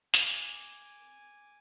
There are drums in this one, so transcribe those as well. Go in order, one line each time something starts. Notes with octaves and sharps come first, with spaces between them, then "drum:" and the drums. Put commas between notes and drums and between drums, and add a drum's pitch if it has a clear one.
G#5 D6, drum: snare